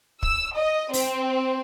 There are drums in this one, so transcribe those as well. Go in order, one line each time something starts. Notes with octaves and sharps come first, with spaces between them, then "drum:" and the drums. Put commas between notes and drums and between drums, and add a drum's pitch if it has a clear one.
E6, drum: kick
D#5
C4, drum: open hi-hat